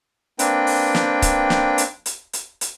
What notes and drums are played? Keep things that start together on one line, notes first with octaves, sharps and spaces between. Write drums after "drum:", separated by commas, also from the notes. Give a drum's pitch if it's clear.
A#3 C4 D4 B4 G5, drum: hi-hat
drum: open hi-hat
drum: snare
drum: kick C#1, hi-hat
drum: snare
drum: hi-hat
drum: hi-hat
drum: hi-hat
drum: hi-hat